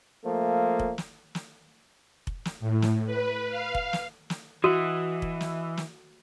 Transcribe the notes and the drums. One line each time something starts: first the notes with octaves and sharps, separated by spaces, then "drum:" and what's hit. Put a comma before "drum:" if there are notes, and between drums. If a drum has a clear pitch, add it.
F3 A3 A#3
drum: kick F1
drum: snare
drum: snare
drum: kick F1
drum: snare
A2
drum: snare
B4
F5
drum: kick F1
drum: snare
drum: snare
E3 F#4 D#5 E5 F#5
drum: kick F1
drum: snare
drum: snare